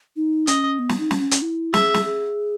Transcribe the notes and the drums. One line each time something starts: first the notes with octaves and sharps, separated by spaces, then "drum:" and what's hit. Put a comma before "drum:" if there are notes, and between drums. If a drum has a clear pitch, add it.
D#4
C#4 D#5, drum: hi-hat
B3
drum: snare
D#4
C#4, drum: snare
drum: hi-hat
E4
G#4 E5, drum: snare
drum: snare
G#4